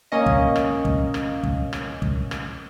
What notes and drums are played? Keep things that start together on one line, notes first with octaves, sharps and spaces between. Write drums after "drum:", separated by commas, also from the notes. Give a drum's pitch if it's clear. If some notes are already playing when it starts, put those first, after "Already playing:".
A#3 C#4 D#5
drum: kick
drum: rim click
drum: kick
drum: rim click
drum: kick
drum: rim click
drum: kick
drum: rim click